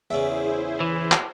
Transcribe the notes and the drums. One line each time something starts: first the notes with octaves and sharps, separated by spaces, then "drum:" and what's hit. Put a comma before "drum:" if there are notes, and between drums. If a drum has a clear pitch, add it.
E2 C#3 E4 G#4 C5 E5
E3
drum: clap